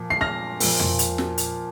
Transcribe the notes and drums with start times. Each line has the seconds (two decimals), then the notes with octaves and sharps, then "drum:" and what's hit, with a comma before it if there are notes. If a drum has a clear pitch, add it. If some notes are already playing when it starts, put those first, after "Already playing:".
Already playing: A#2 F3
0.10 C7
0.21 F6 A#6
0.60 A#2 F3, drum: open hi-hat
0.79 drum: tom
0.99 drum: hi-hat
1.18 drum: snare
1.38 drum: hi-hat